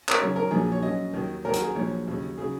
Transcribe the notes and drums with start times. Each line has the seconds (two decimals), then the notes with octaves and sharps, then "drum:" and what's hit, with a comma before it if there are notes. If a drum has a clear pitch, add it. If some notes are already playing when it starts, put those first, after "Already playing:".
0.09 A#4, drum: clap
0.20 F#2 C#3 F#3 C#5
0.36 A#4
0.51 A#1 A#2 F#3 G#4
0.72 C#5
0.82 F#2 F#3 D#5
1.13 D#2 D#3 F#3
1.45 D#2 D#3 F#3 A#4
1.53 F#4, drum: hi-hat
1.61 G#4
1.75 A#1 A#2 F#3 C#5
2.07 D#2 C#3 F#3
2.38 C#3 F#3 G#4